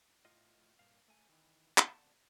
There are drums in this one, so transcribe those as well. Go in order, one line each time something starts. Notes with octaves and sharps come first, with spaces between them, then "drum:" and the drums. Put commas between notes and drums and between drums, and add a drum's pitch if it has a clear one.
A2 F4 D#5
G2 A#2 F5
A3 G#5
D#3 E3
drum: clap
D2 C4 D5 F#5 A5